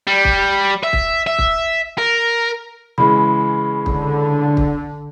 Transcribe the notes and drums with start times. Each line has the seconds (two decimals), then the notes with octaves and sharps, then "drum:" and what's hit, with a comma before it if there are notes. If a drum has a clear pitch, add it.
0.07 G3
0.25 drum: kick
0.84 E5
0.93 drum: kick
1.27 E5
1.38 drum: kick
1.98 A#4
2.98 C#3 E3 G#3 B5
3.86 D3, drum: kick
4.57 drum: kick